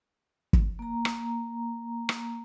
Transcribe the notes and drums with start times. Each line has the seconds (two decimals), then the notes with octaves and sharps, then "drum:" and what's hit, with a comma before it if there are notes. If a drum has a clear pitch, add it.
0.53 drum: kick
0.79 A#3 A#5
1.05 drum: rim click
2.09 drum: rim click